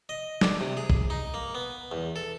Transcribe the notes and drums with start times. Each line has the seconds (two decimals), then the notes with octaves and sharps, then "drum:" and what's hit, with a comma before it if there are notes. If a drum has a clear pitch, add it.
0.09 D#5
0.41 D4, drum: snare
0.60 C3
0.77 G#4
0.90 drum: kick
1.10 D#4
1.34 A#3
1.55 B3
1.92 E2
2.16 A4